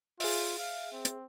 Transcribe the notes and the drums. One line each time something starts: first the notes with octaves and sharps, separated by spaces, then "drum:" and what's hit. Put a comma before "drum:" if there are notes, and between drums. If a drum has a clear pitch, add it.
F4 G#4 E5, drum: open hi-hat
F5
C4
drum: hi-hat